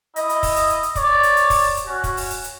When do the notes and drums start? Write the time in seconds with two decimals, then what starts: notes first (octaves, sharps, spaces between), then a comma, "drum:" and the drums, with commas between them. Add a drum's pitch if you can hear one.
0.16 E4 D#5, drum: hi-hat
0.29 drum: hi-hat
0.43 drum: kick, open hi-hat
0.56 drum: hi-hat
0.70 drum: hi-hat
0.83 drum: hi-hat
0.95 C#5 D5, drum: kick, hi-hat
1.23 drum: hi-hat
1.37 drum: hi-hat
1.50 drum: kick, open hi-hat
1.77 drum: hi-hat
1.86 C#4 F#4
2.04 drum: kick, hi-hat
2.17 drum: open hi-hat
2.30 drum: hi-hat
2.44 drum: hi-hat